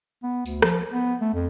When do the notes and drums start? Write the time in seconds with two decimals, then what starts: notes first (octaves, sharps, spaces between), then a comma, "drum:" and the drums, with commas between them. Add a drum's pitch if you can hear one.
0.23 B3
0.46 D2, drum: tambourine
0.62 F3, drum: rim click
0.92 B3
1.21 A3
1.34 F2